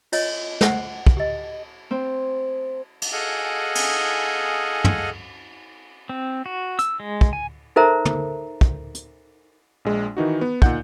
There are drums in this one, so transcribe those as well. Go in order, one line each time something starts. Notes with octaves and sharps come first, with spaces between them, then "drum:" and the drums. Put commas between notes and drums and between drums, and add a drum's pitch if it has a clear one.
F4 C#5 D#5, drum: cymbal
C5 F#5, drum: snare
drum: kick
G4 D#5
C4
drum: cymbal
G#4 A4 D#5 F5 F#5 G#5
drum: cymbal
drum: tom
C4
F#4
E6, drum: hi-hat
G#3
drum: kick
G#5
D#4 A4 A#4 C5 E5 A#5
drum: tom
drum: kick
drum: hi-hat
A#1 G#3
D#3 E3 D#4 F#4
B3
A#2 D#4 F#5 G6, drum: kick